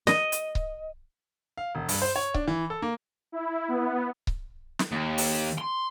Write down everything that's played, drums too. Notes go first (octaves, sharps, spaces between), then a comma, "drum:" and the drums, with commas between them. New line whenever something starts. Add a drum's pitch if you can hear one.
D#5, drum: snare
drum: hi-hat
drum: kick C#1
F5
E1
G2, drum: open hi-hat
C5
C#5
D4, drum: kick C#1
E3
A4
A#3
E4
B3
drum: kick C#1
drum: snare
D#2
drum: open hi-hat
C6